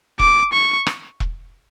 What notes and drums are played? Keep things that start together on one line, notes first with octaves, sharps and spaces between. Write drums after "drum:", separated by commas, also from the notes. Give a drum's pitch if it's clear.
D6, drum: kick E1
C#6
drum: rim click
drum: kick E1